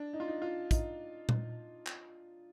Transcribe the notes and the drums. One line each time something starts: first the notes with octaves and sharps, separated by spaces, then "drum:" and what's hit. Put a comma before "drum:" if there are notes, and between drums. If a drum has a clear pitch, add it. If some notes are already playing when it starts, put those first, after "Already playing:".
Already playing: D4
D#4
F4
D#4
F4
D#4, drum: kick, hi-hat
drum: tom
drum: clap